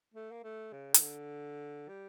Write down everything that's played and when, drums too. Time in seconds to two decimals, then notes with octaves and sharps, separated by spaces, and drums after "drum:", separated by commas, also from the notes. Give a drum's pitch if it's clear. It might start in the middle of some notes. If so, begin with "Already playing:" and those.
0.14 A3
0.32 A#3
0.44 A3
0.73 C#3
0.94 E3, drum: hi-hat
1.01 D3
1.89 G3